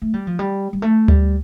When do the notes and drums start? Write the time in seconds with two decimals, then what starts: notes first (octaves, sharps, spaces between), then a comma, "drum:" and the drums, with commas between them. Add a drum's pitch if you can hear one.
0.02 A3
0.14 G3
0.27 F3
0.39 G3
0.73 G3
0.82 A3
1.08 G3, drum: tom D2